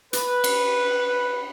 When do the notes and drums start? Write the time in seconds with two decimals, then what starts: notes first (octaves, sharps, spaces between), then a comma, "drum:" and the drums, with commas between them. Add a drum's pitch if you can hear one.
0.13 B4, drum: hi-hat
0.44 drum: cymbal